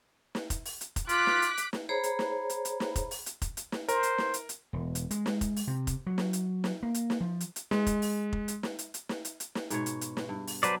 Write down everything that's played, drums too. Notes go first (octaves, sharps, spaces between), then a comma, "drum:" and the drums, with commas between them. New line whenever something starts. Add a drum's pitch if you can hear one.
drum: snare
drum: kick F1, hi-hat
drum: open hi-hat
drum: hi-hat
drum: kick F1, hi-hat
F4 D6 F#6 B6, drum: hi-hat
drum: snare
drum: hi-hat
drum: hi-hat
drum: snare
G#4 C5 C#5 A#5 B5
drum: hi-hat
drum: snare
drum: hi-hat
drum: hi-hat
drum: snare
drum: kick F1, hi-hat
drum: open hi-hat
drum: hi-hat
drum: kick F1, hi-hat
drum: hi-hat
drum: snare
A#4 C5, drum: hi-hat
drum: hi-hat
drum: snare
drum: hi-hat
drum: hi-hat
E1
drum: hi-hat
G#3, drum: hi-hat
drum: snare
drum: kick F1, hi-hat
drum: open hi-hat
C3
drum: kick F1, hi-hat
F#3
drum: snare
drum: hi-hat
drum: snare
A#3
drum: hi-hat
drum: snare
F3
drum: hi-hat
drum: hi-hat
G#3, drum: snare
drum: kick F1, hi-hat
drum: open hi-hat
drum: kick F1
drum: hi-hat
drum: snare
drum: hi-hat
drum: hi-hat
drum: snare
drum: hi-hat
drum: hi-hat
drum: snare
G#2 B2 C#5, drum: hi-hat
drum: hi-hat
drum: hi-hat
drum: snare
G2
drum: open hi-hat
F#3 D4 B4 C5 D5, drum: hi-hat